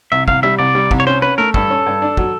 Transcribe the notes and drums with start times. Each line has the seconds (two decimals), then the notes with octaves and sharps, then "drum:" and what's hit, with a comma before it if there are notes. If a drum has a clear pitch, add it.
0.12 C2 E5
0.28 C2 F5, drum: kick
0.43 G3 E5
0.59 C2 D5
0.75 G3
0.91 C2, drum: kick
1.00 C#5
1.07 C#4 C5
1.22 C#4 B4
1.38 A3 A#4
1.54 G2 A4, drum: kick
1.70 C#4
1.86 G2
2.02 D4
2.17 F#3, drum: kick